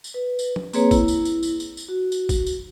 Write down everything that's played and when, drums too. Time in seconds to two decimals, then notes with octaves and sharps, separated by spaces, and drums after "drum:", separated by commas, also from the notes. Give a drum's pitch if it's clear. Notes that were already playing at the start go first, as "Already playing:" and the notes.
0.04 drum: tambourine
0.14 B4
0.39 drum: tambourine
0.56 drum: tom F3
0.73 A#3 C4 G#4 B4 C#5 A#5, drum: tambourine
0.91 E4, drum: kick, tambourine
1.08 drum: tambourine
1.25 drum: tambourine
1.43 drum: tambourine
1.60 drum: tambourine
1.77 drum: tambourine
1.88 F#4
2.12 drum: tambourine
2.29 drum: kick, tambourine
2.46 drum: tambourine